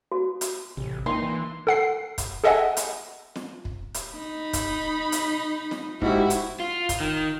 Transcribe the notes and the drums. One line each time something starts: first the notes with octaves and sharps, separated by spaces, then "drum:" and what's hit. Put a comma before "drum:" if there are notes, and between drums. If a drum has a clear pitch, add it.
F#4
drum: hi-hat
A1 C3
A#3 D#4 C6
E3
A4 F#5 C7
drum: kick, hi-hat
G#4 A4 D#5 E5 F#5 G#5
drum: hi-hat
drum: snare
drum: kick
drum: hi-hat
D#4 B5
drum: kick, hi-hat
drum: hi-hat
drum: snare
G#2 E4 F#4 G4, drum: kick
drum: hi-hat
F4
drum: kick, hi-hat
D#3